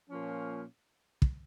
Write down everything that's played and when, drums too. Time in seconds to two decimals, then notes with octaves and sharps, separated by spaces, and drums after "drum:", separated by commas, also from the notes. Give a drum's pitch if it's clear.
0.10 A#2 F3 A#3 C#4
1.22 drum: kick